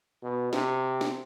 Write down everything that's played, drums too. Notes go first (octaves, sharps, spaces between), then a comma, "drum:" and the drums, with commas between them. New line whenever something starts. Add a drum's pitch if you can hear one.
B2
C3, drum: snare
drum: snare